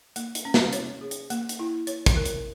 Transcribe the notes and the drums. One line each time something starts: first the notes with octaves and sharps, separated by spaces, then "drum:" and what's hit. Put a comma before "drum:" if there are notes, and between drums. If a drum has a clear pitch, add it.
A#3, drum: hi-hat
drum: hi-hat
C#4
drum: snare
C#5, drum: hi-hat
G#4
drum: hi-hat
A#3, drum: hi-hat
drum: hi-hat
E4
C#5, drum: hi-hat
drum: kick, hi-hat
A#4
drum: hi-hat